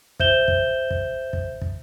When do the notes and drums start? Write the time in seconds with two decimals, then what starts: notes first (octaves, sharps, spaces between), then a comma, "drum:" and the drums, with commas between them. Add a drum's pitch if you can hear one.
0.20 C5 E5 G6 E7 G7, drum: kick
0.48 drum: kick
0.91 drum: kick
1.33 drum: kick
1.61 drum: kick